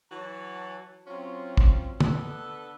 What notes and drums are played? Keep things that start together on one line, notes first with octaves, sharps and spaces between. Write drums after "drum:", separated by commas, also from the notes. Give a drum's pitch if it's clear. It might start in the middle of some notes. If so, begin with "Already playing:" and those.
E3 F#3 F#4 C#5 A5
F#3 C4 C#4 F4
drum: kick
B3 D4 A4 B4, drum: tom